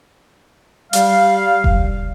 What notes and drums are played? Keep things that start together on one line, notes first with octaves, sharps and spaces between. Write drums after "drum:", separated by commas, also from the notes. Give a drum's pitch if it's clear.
G3 F5, drum: hi-hat
drum: kick F1